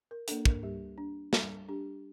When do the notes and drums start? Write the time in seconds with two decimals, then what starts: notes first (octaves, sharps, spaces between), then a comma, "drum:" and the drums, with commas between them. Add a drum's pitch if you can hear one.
0.11 A#4
0.28 A#3 D4 A4, drum: hi-hat
0.45 A#4, drum: kick
0.63 G3 G4
0.98 D4
1.33 G3 A4, drum: snare
1.69 D4 G4